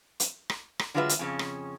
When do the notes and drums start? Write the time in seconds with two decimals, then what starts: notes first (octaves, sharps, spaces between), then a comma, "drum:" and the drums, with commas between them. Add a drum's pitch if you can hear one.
0.20 drum: hi-hat
0.50 drum: rim click
0.79 drum: rim click
0.94 D3 F#3 G#3 F4 B4 E5
1.09 drum: hi-hat
1.19 F2 C#3 C#4
1.39 drum: rim click